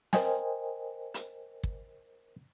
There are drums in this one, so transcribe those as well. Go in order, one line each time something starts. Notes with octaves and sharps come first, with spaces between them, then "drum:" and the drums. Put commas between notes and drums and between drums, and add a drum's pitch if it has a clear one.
A#4 C5 D#5 G5 G#5, drum: snare
drum: hi-hat
drum: kick